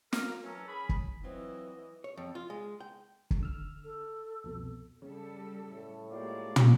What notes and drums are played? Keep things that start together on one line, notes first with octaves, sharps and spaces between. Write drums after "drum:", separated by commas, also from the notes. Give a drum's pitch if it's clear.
A#3 A#4 A#5 F6, drum: snare
E3 F#3 C#4 A4 A#4
C#4 G#4 B5
drum: kick
E3 F#3 C4 F4 D#5
C#5
F2
F4
G#3
G5
drum: kick
D3 E6 F6
A4
C2 F2 B2
C#3 G3 A4
A2
G#3 A#3 F4 G4 D5
drum: tom